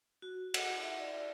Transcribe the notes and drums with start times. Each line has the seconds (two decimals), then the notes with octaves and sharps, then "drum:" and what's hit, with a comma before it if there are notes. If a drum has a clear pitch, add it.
0.22 F#4
0.54 F#5, drum: cymbal
0.82 E5
1.00 D5